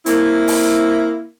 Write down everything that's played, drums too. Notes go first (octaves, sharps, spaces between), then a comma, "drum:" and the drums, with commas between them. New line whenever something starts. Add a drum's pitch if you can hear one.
A#3 C4 E4, drum: hi-hat
drum: open hi-hat